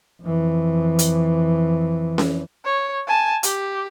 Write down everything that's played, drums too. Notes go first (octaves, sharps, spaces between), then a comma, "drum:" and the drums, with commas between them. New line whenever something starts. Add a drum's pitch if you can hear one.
F2 E3
drum: hi-hat
drum: snare C#4
C#5
G#5 A5
G4, drum: hi-hat